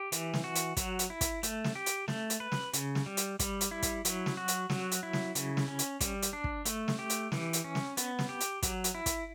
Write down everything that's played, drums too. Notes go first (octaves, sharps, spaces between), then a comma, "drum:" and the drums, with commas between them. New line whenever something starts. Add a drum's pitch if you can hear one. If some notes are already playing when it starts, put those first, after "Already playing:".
Already playing: G4
E3, drum: hi-hat
drum: snare
F#4
drum: hi-hat
F#3, drum: kick, hi-hat
drum: hi-hat
E4
drum: kick, hi-hat
A3, drum: hi-hat
drum: snare
G4
drum: hi-hat
A3, drum: snare
drum: hi-hat
B4
drum: snare
C#3, drum: hi-hat
drum: snare
G3
drum: hi-hat
G3, drum: kick, hi-hat
drum: hi-hat
E4
drum: kick, hi-hat
F#3, drum: hi-hat
drum: snare
F#4
drum: hi-hat
F#3, drum: snare
drum: hi-hat
E4
drum: snare
C#3, drum: hi-hat
drum: snare
C#4
drum: hi-hat
G3, drum: kick, hi-hat
drum: hi-hat
D4
drum: kick
A3, drum: hi-hat
drum: snare
G4
drum: hi-hat
E3, drum: snare
drum: hi-hat
C#4
drum: snare
B3, drum: hi-hat
drum: snare
G4
drum: hi-hat
F#3, drum: kick, hi-hat
drum: hi-hat
E4
drum: kick, hi-hat